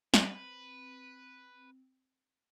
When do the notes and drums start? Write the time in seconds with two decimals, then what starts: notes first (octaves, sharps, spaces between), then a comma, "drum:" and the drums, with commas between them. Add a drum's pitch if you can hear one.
0.14 C4 B4, drum: snare